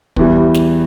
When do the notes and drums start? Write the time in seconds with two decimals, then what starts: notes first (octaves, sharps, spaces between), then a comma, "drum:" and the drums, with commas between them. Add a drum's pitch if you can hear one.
0.16 E2 E3 G3, drum: kick
0.54 drum: snare